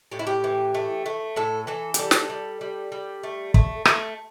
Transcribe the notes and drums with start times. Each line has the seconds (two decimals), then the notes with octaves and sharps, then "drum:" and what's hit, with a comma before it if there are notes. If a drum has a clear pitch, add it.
0.12 A2 G4
0.19 E4
0.27 G4
0.44 E3
0.74 A3
1.06 A3
1.36 A2 A4
1.67 E3 A4
1.94 G4, drum: hi-hat
1.99 G3 A4
2.11 drum: snare
2.30 G3
2.61 G3
2.92 G3
3.23 A3
3.54 A3, drum: kick
3.85 A3, drum: rim click